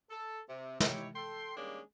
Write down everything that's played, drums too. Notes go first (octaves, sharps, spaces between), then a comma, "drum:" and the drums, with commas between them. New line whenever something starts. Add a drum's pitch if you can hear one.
A4
C3
D#4 E4 G4 C#5, drum: snare
A4 G5 C6
D#3 G3 G#3 A#3 C#4 D4